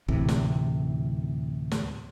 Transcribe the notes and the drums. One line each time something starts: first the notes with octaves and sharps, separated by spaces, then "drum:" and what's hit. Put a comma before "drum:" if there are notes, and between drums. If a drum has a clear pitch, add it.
D2 A2 C3 E3, drum: kick
drum: snare
drum: snare